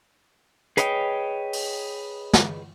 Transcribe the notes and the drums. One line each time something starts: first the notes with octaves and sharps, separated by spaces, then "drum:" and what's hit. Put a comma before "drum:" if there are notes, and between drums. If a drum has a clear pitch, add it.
G#4 B4 C#5 D#5 F#5 G5, drum: hi-hat
drum: open hi-hat
drum: snare